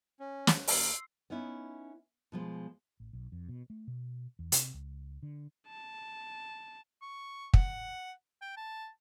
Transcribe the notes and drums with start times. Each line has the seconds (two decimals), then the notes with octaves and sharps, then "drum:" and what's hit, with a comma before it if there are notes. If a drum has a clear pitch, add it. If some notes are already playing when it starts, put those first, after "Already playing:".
0.20 C#4
0.47 drum: snare
0.67 D#2 A#4 C6 E6 C7, drum: open hi-hat
1.30 B3 C#4 D#4 E4
2.32 B2 F3 G#3
3.00 A1
3.13 B1
3.32 F2
3.49 B2
3.70 A3
3.87 B2
4.39 E2
4.52 C3, drum: hi-hat
4.74 C#2
5.23 D3
5.68 A5
7.02 C#6
7.54 F#5, drum: kick
8.41 G5
8.57 A5